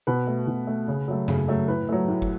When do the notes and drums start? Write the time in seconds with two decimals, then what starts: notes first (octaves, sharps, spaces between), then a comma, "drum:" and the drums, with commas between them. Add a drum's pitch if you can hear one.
0.07 B2 B4
0.27 A3
0.47 B2
0.67 A3
0.88 C#3
1.08 F#3 A3
1.28 C#3, drum: tom F#2
1.48 F#3 A3
1.68 A2 B4
1.89 F#3 A3
2.08 A2
2.22 drum: kick